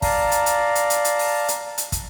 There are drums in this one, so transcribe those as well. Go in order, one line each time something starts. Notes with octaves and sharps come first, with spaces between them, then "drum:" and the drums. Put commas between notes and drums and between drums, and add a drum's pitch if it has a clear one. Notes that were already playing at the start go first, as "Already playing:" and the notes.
D5 F5 A5 A#5, drum: kick, open hi-hat
drum: hi-hat
drum: hi-hat
drum: hi-hat
drum: hi-hat
drum: hi-hat
drum: open hi-hat
drum: hi-hat
drum: hi-hat
drum: kick, hi-hat